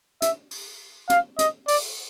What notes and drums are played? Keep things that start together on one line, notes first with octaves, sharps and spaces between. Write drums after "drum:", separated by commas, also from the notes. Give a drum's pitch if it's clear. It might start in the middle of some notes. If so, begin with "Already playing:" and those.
E5, drum: hi-hat
drum: open hi-hat
F5, drum: hi-hat
D#5, drum: hi-hat
D5, drum: open hi-hat